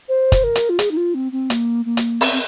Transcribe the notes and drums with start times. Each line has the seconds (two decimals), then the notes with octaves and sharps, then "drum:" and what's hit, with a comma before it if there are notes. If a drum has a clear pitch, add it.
0.09 C5
0.32 drum: kick, hi-hat
0.44 A#4
0.55 drum: hi-hat
0.69 F4
0.79 G#4, drum: hi-hat
0.91 D#4
0.97 F4
1.15 C4
1.32 C4
1.50 A#3, drum: hi-hat
1.85 A#3
1.97 drum: hi-hat
2.21 C4, drum: open hi-hat
2.32 C4